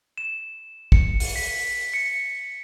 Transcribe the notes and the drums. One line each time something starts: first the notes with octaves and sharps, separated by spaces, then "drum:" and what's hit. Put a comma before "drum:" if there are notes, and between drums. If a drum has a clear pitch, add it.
E7
C#7, drum: kick
drum: open hi-hat
B6
C#7